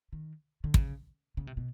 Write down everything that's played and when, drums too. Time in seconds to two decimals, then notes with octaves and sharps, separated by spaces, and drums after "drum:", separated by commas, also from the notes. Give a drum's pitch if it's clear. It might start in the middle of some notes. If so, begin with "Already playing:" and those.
0.13 D#3
0.64 D3
0.74 C#3, drum: kick
1.37 C#3
1.47 C3
1.57 B2